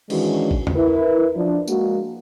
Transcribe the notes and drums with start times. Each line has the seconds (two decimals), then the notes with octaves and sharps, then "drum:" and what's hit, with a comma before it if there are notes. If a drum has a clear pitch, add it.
0.10 D#3 E3 G#3 C#4 D4 F#4, drum: cymbal
0.51 drum: kick G#1
0.67 drum: tom E2
0.76 E4 A#4 B4
1.36 F3 D4
1.68 G#3 A#3 F#4, drum: tambourine